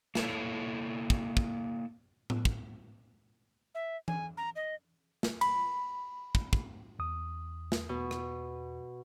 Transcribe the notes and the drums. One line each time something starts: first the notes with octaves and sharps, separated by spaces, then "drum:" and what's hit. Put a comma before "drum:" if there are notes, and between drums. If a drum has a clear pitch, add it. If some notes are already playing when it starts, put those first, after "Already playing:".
A#3 E4 A4 C#5, drum: snare
drum: kick
drum: kick
drum: tom A2
drum: kick
E5
G#5, drum: tom E3
A#5
D#5
drum: snare
B5, drum: cymbal
drum: kick
drum: kick
E2 D#6
drum: snare
B2
drum: rim click